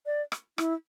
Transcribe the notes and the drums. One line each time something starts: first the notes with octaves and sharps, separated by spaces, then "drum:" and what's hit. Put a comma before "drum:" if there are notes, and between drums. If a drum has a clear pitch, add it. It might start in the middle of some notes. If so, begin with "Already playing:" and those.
D5
drum: rim click
E4, drum: rim click